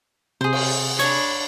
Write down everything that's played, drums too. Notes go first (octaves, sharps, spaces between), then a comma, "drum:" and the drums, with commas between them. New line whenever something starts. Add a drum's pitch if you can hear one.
C3 G#4 C5
drum: cymbal
D4 C#5 B5, drum: hi-hat